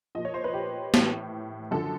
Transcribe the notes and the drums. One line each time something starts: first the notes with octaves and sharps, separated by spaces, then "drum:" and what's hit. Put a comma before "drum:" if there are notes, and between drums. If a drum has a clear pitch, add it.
A#2 F3 D#5
C#5
C5
B4
G4
A2 E3, drum: snare
F#2 D3 F3 A4